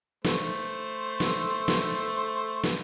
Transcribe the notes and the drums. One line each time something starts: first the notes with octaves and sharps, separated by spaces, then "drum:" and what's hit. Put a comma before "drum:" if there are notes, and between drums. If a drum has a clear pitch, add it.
A3 C5, drum: snare
drum: snare
drum: snare
drum: snare